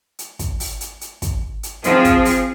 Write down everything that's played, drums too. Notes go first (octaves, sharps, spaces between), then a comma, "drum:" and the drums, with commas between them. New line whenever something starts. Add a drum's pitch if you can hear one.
drum: hi-hat
drum: kick, hi-hat
drum: open hi-hat
drum: hi-hat
drum: hi-hat
drum: kick, hi-hat
drum: hi-hat
F3 C4 F4 G#4, drum: hi-hat
drum: kick, hi-hat
drum: open hi-hat